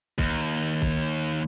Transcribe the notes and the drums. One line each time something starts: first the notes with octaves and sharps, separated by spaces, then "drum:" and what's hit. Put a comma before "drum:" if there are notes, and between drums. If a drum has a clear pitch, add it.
D#2, drum: kick C2
drum: kick C2